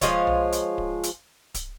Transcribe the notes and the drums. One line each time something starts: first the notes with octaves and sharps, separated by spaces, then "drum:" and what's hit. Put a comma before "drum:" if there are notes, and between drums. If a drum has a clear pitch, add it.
F3 G#3 F4 C#5, drum: kick D1, hi-hat
drum: tom B1
drum: hi-hat
drum: kick D1
drum: hi-hat
drum: kick D1, hi-hat